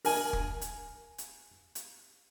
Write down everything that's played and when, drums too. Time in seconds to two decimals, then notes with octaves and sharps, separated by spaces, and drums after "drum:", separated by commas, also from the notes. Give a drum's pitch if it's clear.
0.05 A#4 G#5, drum: open hi-hat
0.33 drum: kick
0.61 drum: hi-hat
1.18 drum: hi-hat
1.75 drum: hi-hat